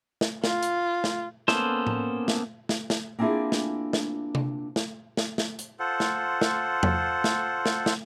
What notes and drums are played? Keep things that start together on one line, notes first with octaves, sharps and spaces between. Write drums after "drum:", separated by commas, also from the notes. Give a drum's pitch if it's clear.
drum: snare
F4, drum: snare
drum: hi-hat
drum: snare
A#3 B3 C#4 A4 C5, drum: snare
drum: tom A2
drum: snare
drum: snare
drum: snare
A#3 C4 D4 E4 F4 G#4
drum: snare
drum: snare
drum: tom C3
drum: snare
drum: snare
drum: snare
drum: hi-hat
F4 A4 C5 F#5
drum: snare
drum: snare
drum: tom E2
drum: snare
drum: snare
drum: snare